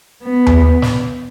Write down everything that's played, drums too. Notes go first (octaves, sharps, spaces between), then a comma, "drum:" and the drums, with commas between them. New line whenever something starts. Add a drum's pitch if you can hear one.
B3
drum: tom D#2
drum: snare